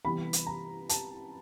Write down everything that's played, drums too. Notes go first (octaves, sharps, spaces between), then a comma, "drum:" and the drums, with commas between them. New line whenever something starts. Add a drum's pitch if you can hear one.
C3 E3 G3 B3 B5
drum: hi-hat
A#5
A5, drum: hi-hat